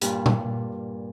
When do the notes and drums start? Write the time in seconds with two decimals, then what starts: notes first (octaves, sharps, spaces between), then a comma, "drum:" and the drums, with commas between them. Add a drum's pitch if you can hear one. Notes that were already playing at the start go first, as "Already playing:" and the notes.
0.01 G2 A#2, drum: hi-hat
0.26 drum: tom A#2